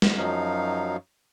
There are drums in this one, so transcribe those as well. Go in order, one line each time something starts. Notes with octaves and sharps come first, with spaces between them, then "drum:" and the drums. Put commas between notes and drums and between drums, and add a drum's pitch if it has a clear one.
drum: snare
F#2 F3 F#3 D#4 F5